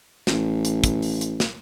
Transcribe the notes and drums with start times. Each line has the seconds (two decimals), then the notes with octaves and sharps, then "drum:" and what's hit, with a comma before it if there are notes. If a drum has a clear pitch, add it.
0.27 A1, drum: snare
0.65 drum: hi-hat
0.84 drum: kick, hi-hat
1.02 drum: open hi-hat
1.21 drum: hi-hat
1.40 drum: snare